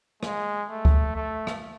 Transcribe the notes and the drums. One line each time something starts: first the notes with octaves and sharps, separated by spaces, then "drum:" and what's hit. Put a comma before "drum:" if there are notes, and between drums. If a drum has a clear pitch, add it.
G#3, drum: rim click
A3
drum: kick C#2
A3
drum: rim click